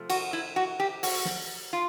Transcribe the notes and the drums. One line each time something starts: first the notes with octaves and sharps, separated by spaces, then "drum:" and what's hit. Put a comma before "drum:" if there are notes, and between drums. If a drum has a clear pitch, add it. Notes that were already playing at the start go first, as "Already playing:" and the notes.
Already playing: C3 F3 A3
F#4, drum: cymbal
E4
F#4
G4
F#4, drum: open hi-hat
drum: snare
F4